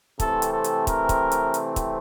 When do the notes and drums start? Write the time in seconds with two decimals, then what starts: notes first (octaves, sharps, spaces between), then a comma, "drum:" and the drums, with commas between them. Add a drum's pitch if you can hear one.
0.20 C3 E3 A3 C4 A4, drum: kick, hi-hat
0.42 drum: hi-hat
0.53 A4
0.64 drum: hi-hat
0.87 A#4, drum: kick, hi-hat
1.09 drum: kick, hi-hat
1.32 drum: hi-hat
1.54 drum: hi-hat
1.76 drum: kick, hi-hat